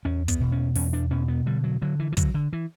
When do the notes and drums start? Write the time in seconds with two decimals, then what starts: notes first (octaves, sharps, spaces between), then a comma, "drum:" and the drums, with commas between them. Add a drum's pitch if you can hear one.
0.05 E2 C#4
0.28 B3, drum: kick, hi-hat
0.41 B2
0.52 C#4
0.75 E2 C#4, drum: open hi-hat
0.93 D4
1.11 B2 C#4
1.28 B3
1.46 D3 G3
1.64 F#3
1.82 D3 F#3
1.99 E3
2.12 E3
2.17 D3 F#3, drum: kick, hi-hat
2.34 D3
2.53 E3